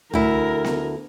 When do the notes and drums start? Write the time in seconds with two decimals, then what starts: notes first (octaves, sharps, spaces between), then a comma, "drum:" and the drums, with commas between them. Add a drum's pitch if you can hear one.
0.14 D2 E4 A#4, drum: tom C2
0.65 drum: snare B3